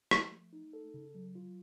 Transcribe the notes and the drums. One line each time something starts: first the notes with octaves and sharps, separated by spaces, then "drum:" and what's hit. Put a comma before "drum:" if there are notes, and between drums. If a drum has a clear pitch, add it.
F3, drum: rim click
A3
D#4
A4
C#3
F#3
F4